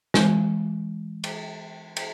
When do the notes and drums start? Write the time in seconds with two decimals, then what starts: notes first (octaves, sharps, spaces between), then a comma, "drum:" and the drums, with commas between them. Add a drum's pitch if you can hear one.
0.14 E3 G#3, drum: snare
1.24 drum: cymbal
1.96 drum: cymbal